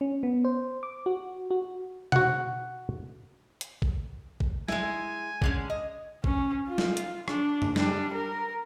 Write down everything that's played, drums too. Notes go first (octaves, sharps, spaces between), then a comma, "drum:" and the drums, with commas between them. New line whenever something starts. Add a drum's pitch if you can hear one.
C#4
B3
C5
D6
F#4
F#4
F#4 F#5, drum: tom B2
drum: hi-hat
drum: kick A1
drum: kick A1
G#3 E4 G#5, drum: snare
D3 G#3 C#4, drum: kick A1
D#5
C#4, drum: kick A1
F4
drum: snare
drum: hi-hat
D4, drum: rim click
drum: tom F#2
G3 D4, drum: snare
A#4